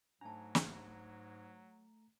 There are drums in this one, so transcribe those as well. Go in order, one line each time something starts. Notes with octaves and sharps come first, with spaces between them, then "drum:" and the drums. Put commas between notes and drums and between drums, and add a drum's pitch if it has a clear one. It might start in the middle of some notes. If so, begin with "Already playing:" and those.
G#2 F#3 A3 D4 A5 A#5
drum: snare